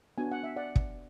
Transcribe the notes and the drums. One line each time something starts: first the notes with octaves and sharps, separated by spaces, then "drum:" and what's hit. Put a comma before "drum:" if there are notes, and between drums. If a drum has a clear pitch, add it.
B3 D4 F#4 G#5
F#5
E5
D5 F#5
drum: kick